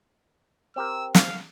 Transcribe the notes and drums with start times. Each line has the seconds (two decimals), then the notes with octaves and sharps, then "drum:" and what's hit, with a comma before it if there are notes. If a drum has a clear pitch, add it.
0.76 C4 G4 A#4 E6
1.15 F5, drum: snare